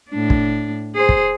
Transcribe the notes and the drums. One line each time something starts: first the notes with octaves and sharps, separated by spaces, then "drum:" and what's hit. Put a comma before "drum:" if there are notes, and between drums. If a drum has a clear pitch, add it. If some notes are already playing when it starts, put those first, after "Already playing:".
A2 D4
drum: kick
G#4 C5
drum: kick